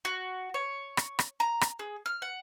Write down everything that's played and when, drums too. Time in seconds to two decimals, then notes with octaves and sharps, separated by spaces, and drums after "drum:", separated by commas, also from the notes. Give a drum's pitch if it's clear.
0.05 F#4
0.54 C#5
0.97 drum: rim click
1.19 drum: rim click
1.40 A#5
1.61 drum: rim click
1.79 G#4
2.06 F6
2.22 F#5